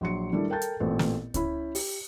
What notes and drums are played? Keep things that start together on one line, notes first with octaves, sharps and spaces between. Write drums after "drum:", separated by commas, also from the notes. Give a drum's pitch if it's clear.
A#1 F#3 C6 C#7
D#3 G3 A3 D4 E4
A4 A#4 G5 A5 G6 A6
drum: hi-hat
A1 A#2 A3 B3 C4
drum: snare
C#4 E4 B5, drum: kick C#2, hi-hat
G4, drum: open hi-hat